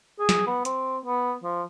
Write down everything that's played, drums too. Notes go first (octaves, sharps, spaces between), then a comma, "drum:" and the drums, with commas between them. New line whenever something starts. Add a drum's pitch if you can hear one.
G#4
drum: snare
B3
C4, drum: hi-hat
B3
F3